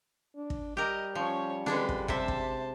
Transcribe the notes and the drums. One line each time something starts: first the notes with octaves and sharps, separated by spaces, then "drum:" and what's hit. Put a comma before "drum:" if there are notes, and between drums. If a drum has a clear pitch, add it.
D4
drum: kick
G3 G4 A#4 D#5
F3 C#4 C#5
D3 G#3 D4 B4 C6, drum: snare C4
drum: kick
C3 C5 E5 A5, drum: kick
drum: kick